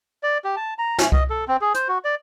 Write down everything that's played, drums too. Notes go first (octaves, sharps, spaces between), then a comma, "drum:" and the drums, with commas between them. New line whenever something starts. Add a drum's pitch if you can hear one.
D5
G4
A5
A#5
C#4, drum: snare
D#5, drum: kick C2
A4
C4
G#4
C5, drum: hi-hat
F#4
D5